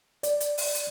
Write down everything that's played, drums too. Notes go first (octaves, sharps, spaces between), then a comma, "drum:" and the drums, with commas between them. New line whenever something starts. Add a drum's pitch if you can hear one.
D5, drum: hi-hat
drum: hi-hat
drum: open hi-hat
drum: hi-hat